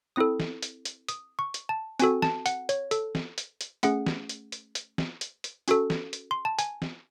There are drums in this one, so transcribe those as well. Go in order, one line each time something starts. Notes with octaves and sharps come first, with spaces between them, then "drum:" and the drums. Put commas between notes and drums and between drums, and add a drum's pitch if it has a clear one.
C4 E4 A4 D#6
drum: snare
drum: hi-hat
drum: hi-hat
D#6, drum: hi-hat
C#6
drum: hi-hat
A5
C4 F#4 A4 G#5, drum: hi-hat
A5, drum: snare
F#5, drum: hi-hat
C#5, drum: hi-hat
A4, drum: hi-hat
drum: snare
drum: hi-hat
drum: hi-hat
A3 C#4 G#4 F#5, drum: hi-hat
drum: snare
drum: hi-hat
drum: hi-hat
drum: hi-hat
drum: snare
drum: hi-hat
drum: hi-hat
C#4 F#4 A4, drum: hi-hat
drum: snare
drum: hi-hat
C6
A5
G#5, drum: hi-hat
drum: snare